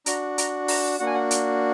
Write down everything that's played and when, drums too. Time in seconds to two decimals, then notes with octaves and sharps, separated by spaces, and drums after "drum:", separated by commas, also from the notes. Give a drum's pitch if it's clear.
0.06 D4 F#4 A#5, drum: hi-hat
0.38 A#5, drum: hi-hat
0.68 A#5, drum: open hi-hat
0.99 A#3 D4 F#4 F#5
1.07 G#5
1.14 F#5
1.31 drum: hi-hat